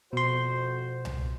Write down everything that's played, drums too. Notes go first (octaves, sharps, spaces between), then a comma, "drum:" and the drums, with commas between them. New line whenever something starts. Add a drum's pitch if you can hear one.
F2 B2 F#4 C5 C6
drum: tom C2